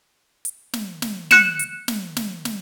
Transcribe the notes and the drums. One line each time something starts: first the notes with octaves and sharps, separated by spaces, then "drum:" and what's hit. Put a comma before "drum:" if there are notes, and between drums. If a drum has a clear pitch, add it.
drum: hi-hat
drum: snare
drum: snare
F#6 C#7 E7, drum: snare
drum: hi-hat
drum: snare
drum: snare
drum: snare